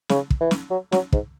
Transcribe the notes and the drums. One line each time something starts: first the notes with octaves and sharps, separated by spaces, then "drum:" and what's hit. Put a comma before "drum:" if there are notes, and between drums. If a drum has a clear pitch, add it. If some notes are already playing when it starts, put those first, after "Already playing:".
C#3, drum: snare
drum: kick
E3
drum: snare
F#3
F#3, drum: snare
G#2, drum: kick